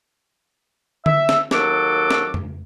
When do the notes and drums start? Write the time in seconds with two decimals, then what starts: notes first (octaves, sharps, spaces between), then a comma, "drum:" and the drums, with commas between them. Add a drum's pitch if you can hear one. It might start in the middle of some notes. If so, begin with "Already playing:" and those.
1.06 E5, drum: tom D3
1.29 drum: snare
1.51 D#2 F#3 F#4 A4 D6, drum: snare
2.11 drum: snare
2.34 drum: tom